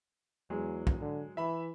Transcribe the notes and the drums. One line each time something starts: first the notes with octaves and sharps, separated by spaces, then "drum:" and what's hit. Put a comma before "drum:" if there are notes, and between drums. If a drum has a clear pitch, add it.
E2 F#3 G#3
drum: kick
D3
E3 E5 B5